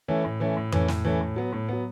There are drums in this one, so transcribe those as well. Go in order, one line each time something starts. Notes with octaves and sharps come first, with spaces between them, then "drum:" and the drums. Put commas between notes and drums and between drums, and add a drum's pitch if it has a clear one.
E3 A3 C#4
A2
E3 A3 C#4
A2
E3 A3 C#4, drum: tom F2
A2, drum: snare
E3 A3 C#4
A2
F#3 B3
A2
F#3 B3